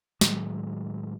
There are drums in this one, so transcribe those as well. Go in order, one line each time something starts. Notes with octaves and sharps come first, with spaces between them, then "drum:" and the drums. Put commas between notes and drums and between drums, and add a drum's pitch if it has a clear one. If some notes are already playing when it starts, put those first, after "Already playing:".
A2 D#3 F#3 G#3, drum: snare